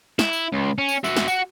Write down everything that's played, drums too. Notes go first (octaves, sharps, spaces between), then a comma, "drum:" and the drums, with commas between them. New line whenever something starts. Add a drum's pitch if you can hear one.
E4, drum: snare
drum: tambourine
C#2
C#4
drum: tambourine
F#4 E5, drum: tambourine
drum: snare
F#4, drum: tambourine